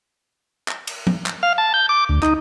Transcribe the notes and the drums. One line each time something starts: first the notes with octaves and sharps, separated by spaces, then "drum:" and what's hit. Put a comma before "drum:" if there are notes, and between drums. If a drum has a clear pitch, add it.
drum: clap
drum: cymbal
drum: tom F3
drum: clap
F5
A5
G6
D6
D2
D#4, drum: clap